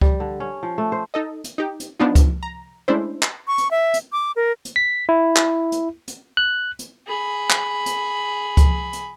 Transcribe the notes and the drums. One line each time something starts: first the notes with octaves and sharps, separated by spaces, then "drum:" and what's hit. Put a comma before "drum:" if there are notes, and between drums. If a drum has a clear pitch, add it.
G3, drum: kick C#2
D3
C#4
F3
A3
C5
D#4 A4 D#5
drum: hi-hat
D#4 G4
drum: hi-hat
F3 B3 D4 D#4 F4
drum: kick C#2, hi-hat
A#5
G#3 A3 C#4 D4 E4 C5
drum: clap
C#6
drum: hi-hat
E5
drum: hi-hat
D6
A#4
drum: hi-hat
B6
E4
drum: clap
drum: hi-hat
drum: hi-hat
F#6
drum: hi-hat
G#4 B5
drum: clap
drum: hi-hat
drum: kick C#2, hi-hat
drum: hi-hat